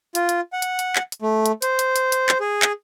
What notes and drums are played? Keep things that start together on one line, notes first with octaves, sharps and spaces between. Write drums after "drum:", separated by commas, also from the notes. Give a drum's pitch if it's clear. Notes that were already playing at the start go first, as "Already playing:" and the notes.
F4, drum: hi-hat
drum: hi-hat
F#5
drum: hi-hat
drum: hi-hat
drum: clap
drum: hi-hat
A3
drum: hi-hat
C5, drum: hi-hat
drum: hi-hat
drum: hi-hat
drum: hi-hat
drum: clap
G#4
drum: clap